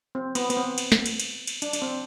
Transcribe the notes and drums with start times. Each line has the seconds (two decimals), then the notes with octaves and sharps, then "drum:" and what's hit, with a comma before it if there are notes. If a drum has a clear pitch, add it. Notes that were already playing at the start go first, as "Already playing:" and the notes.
0.15 C4
0.35 B3, drum: cymbal
0.50 B3, drum: cymbal
0.57 C4
0.78 drum: cymbal
0.92 drum: snare
1.06 drum: cymbal
1.20 drum: cymbal
1.47 drum: cymbal
1.62 D4, drum: cymbal
1.73 D4, drum: cymbal
1.82 C4